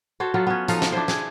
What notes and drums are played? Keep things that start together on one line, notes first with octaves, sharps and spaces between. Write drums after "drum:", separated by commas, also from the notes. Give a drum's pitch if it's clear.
F#4 A4 C5 C#5
F#3 B3 F4 A4
B3 C#4
F3 D#4 A4 F5, drum: hi-hat
drum: snare
D4 E4 C5
G#4, drum: snare